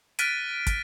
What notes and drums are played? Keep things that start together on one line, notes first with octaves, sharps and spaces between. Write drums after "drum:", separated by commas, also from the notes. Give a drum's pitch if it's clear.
F6 F#6 A6 B6 D7 D#7, drum: hi-hat
drum: kick, hi-hat